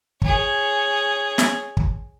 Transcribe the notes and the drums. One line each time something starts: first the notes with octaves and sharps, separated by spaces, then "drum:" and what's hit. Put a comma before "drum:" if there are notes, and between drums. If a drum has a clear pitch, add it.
G#4 C#5, drum: kick
drum: snare
drum: kick